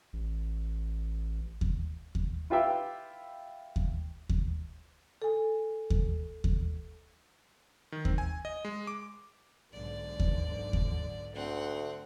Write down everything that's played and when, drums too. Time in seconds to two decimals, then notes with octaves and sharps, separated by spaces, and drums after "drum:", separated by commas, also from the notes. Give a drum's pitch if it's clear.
0.13 A1
1.61 drum: kick D#2
2.15 drum: kick D#2
2.50 E4 F4 G4 B4 E5 G5
3.76 drum: kick D#2
4.29 drum: kick D#2
5.22 A4 G#5
5.90 drum: kick D#2
6.44 drum: kick D#2
7.92 D#3
8.05 C4, drum: kick D#2
8.18 G#5
8.45 D#5
8.65 G#3
8.87 D6
9.72 B1 G#2 D3 D5
10.20 drum: kick D#2
10.73 drum: kick D#2
11.34 D2 C4 F#5